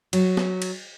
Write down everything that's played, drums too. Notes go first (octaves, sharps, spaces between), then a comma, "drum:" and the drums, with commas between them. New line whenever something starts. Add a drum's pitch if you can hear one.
F#3, drum: cymbal
drum: snare
drum: cymbal